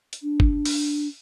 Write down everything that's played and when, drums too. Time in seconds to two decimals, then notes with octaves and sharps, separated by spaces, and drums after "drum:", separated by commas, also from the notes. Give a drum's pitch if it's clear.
0.13 drum: hi-hat
0.22 D4
0.40 drum: kick G1
0.65 drum: open hi-hat